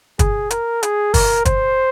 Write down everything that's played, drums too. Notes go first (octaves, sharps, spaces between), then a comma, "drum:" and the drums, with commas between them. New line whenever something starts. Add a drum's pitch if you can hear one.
G#4, drum: kick, hi-hat
A#4, drum: hi-hat
G#4, drum: hi-hat
A#4, drum: kick, open hi-hat
C5, drum: kick, hi-hat